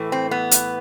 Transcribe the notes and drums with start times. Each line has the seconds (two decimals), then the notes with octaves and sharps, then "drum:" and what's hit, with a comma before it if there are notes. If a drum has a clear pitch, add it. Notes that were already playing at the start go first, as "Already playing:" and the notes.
Already playing: A2 E3 A3
0.12 C4
0.31 B3
0.51 drum: hi-hat